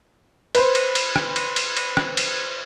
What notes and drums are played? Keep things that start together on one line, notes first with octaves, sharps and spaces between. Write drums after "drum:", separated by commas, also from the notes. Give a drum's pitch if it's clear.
B4 C5, drum: cymbal
drum: cymbal
drum: cymbal
drum: rim click
drum: cymbal
drum: cymbal
drum: cymbal
drum: rim click
drum: cymbal